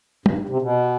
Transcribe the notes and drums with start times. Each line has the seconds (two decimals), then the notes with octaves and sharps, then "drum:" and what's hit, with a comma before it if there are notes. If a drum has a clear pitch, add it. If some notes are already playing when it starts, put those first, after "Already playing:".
0.26 G2, drum: tom
0.32 G#2
0.38 G2
0.49 C3
0.62 B2